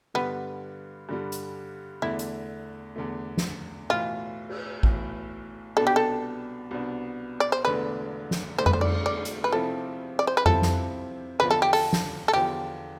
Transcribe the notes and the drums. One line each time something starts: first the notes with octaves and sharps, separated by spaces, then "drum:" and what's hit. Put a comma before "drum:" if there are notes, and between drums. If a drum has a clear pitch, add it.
G2 D3 G3 B3
G2 D3 G3
drum: hi-hat
E2 D3 A3 E4
drum: hi-hat
E2 D3 A3
drum: snare
B1 A2 E3 F4
drum: cymbal
B1 A2 E3, drum: kick
C2 B2 B3 D4 A4
G4
A4
C2 B2 B3 D4
D5
C5
E1 E2 D3 A3 D4 B4
drum: snare
E1 E2 D3 A3 D4 C5
B4, drum: tom F2
C5
D5, drum: cymbal
D5
drum: hi-hat
B4
C3 F3 C4 E4 G4 A4
D5
C5
B4
C3 F3 C4 E4 G4 A4, drum: tom F2
drum: snare
E2 D3 F3 B4
A4
G4
A4, drum: open hi-hat
drum: snare
A4
E2 D3 F3 G4